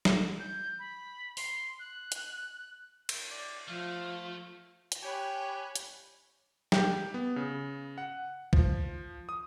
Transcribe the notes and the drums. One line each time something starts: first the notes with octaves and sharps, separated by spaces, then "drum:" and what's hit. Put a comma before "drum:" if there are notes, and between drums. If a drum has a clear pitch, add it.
drum: snare
G6
B5
C6, drum: open hi-hat
F#6
drum: hi-hat
drum: cymbal
D5
F3 A3 F5
drum: hi-hat
G4 C#5 G5 G#5 B5 F#6
drum: hi-hat
G4, drum: snare
B3
C#3
F#5
F3, drum: kick
D#6